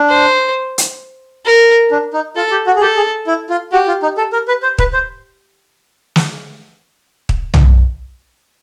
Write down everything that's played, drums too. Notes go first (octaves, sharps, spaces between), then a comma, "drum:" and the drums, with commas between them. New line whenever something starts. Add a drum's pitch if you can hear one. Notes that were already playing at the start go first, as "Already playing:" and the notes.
Already playing: D4
C5
drum: hi-hat
A#4
D4
D#4
F4 A4
G4
F#4
G#4
G4 A4
G#4
E4
F4
F#4 G4
F4
D#4
A4
A#4
B4
C5
B4, drum: kick
C5
drum: snare
drum: kick
drum: tom B1